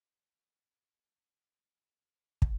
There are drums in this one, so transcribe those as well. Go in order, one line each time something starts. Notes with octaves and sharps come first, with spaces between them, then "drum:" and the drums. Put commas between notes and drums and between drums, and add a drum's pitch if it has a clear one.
F4 C5 C#5 D#5 G5 A5
C4 F4 G#4 F5
E5
A#5 C6 D#6 E6 G#6
drum: kick